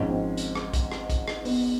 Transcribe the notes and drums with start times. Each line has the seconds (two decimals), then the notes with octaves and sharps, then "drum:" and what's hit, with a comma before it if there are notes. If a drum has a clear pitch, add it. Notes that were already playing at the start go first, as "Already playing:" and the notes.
Already playing: G#1 G#2 F3 C#4
0.10 C4
0.37 drum: hi-hat
0.55 drum: rim click
0.73 drum: kick, hi-hat
0.92 drum: rim click
1.10 drum: kick, hi-hat
1.28 drum: rim click
1.45 B3, drum: open hi-hat